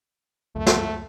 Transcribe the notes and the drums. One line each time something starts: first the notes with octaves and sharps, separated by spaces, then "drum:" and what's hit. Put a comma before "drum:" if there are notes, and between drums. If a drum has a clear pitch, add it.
C#2 F#2 A3
drum: snare